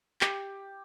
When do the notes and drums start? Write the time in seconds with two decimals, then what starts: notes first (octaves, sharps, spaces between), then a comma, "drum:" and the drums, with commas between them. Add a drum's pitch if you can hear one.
0.21 G4, drum: clap